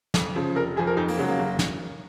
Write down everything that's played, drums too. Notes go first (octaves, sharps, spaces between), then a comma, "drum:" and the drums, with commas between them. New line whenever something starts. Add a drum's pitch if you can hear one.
F2, drum: snare
C#3 F3
F1 A#4
F2 F3 G#4
A#4
F2 D#4
A#3, drum: open hi-hat
C#3 F#3 G#3
A#3
F#1
drum: snare